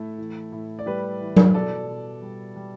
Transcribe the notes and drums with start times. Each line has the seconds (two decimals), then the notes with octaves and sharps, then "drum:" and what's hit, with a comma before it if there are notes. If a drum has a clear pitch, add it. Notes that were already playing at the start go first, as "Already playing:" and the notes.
Already playing: A2 A3 E4 A4
0.18 E3
0.52 A2
0.79 D5
0.86 G3 G4 B4
1.20 E3
1.36 drum: tom F#3
1.54 B2 A4 D5
1.88 B2
2.22 G3
2.56 G3